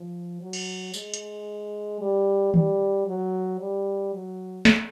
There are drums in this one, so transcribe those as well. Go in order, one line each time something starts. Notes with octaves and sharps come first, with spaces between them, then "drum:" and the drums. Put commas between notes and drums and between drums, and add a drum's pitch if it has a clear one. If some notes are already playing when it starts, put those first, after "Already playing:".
Already playing: F3
F#3
drum: cymbal
G#3, drum: tambourine
drum: hi-hat
G3
G3, drum: tom D#3
F#3
G3
F#3
drum: snare